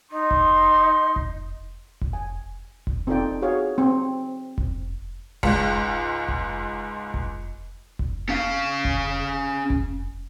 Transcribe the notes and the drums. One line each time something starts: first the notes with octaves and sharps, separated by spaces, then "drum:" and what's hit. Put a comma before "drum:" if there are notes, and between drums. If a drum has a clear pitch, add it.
D#4 C6
drum: kick F1
drum: kick F1
drum: kick F1
G#5
drum: kick F1
C4 D#4 F4 A4 D5 G5
F#4 G#4 C#5 F5
C4
drum: kick F1
C#2 G#2, drum: kick F1
drum: kick F1
drum: kick F1
drum: kick F1
C#4 F5
drum: kick F1
drum: kick F1